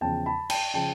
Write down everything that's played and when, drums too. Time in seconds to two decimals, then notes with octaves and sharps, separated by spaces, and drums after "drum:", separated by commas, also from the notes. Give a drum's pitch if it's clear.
0.01 E2 C#3 F3 G5 A5
0.26 A5 B5
0.50 G5 A5, drum: cymbal
0.74 C#3 F3 G5 A5